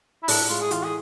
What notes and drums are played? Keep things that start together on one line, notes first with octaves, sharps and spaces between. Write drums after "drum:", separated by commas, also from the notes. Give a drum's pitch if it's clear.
E4
A2 D4, drum: open hi-hat
G#3 F4
G#4
E3 F4, drum: hi-hat
G#4